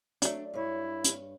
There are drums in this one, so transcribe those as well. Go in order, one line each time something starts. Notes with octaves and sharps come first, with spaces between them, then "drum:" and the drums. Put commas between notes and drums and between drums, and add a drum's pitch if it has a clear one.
F#3 A3 D4, drum: hi-hat
G2 E4 C#5
drum: hi-hat